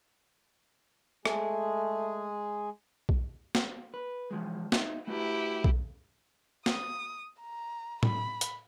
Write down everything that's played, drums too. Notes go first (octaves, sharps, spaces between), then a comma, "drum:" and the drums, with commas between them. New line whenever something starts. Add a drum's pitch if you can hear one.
G#3 A3 G#4, drum: rim click
drum: kick B1
drum: snare
B4
E3 F3 G#3
D#4 E5, drum: snare
A3 E4 F#4 G4 B4
drum: kick B1
D#6, drum: snare
A#5
B5, drum: tom A2
drum: hi-hat